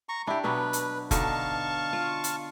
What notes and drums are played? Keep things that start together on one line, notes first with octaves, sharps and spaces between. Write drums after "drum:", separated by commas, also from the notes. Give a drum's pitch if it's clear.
A#5 C#6
D4 E4 G4
B2 F#3 B3 B4
drum: hi-hat
B2 D3 D#4 F5 A5 C#6, drum: kick F1, hi-hat
F4
drum: hi-hat